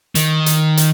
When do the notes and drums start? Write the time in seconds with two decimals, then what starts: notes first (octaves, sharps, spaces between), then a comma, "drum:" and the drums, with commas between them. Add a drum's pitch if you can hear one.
0.15 D#3, drum: hi-hat
0.46 drum: hi-hat
0.77 drum: hi-hat